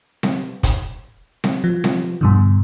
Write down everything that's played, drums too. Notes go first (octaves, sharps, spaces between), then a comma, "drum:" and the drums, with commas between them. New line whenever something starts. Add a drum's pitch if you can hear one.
drum: snare C4
drum: kick, hi-hat
drum: snare C4
F3
drum: snare C4
G2 B2 D3